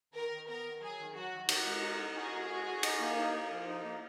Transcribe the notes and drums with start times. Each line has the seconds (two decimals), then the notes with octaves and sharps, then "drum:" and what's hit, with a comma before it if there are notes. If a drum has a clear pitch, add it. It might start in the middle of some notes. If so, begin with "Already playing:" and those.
0.14 D#3 A#4
0.32 D#3
0.48 B3 A#4
0.65 D#3
0.81 F#3 G#4
0.98 D#3
1.14 F#3 F#4
1.32 D#3
1.49 D#4 F#4, drum: cymbal
1.66 G#3
1.82 D#4
1.99 D#4
2.16 F#4 G#4
2.33 G#3
2.50 F#4
2.67 F#4
2.83 D#4, drum: cymbal
3.00 A#3
3.17 D#4
3.34 A#3
3.50 F3
3.67 D#4
3.84 A#3